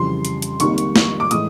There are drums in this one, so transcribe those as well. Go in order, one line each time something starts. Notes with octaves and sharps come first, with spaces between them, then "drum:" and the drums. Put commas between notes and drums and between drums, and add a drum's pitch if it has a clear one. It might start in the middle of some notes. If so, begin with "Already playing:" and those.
Already playing: F2 C#3 E3 G3 C6
drum: hi-hat
drum: hi-hat
G#1 G#2 D#3 G3 A#3 C#6, drum: hi-hat
drum: hi-hat
drum: snare
D6
A2 E3 G#3 D#6, drum: hi-hat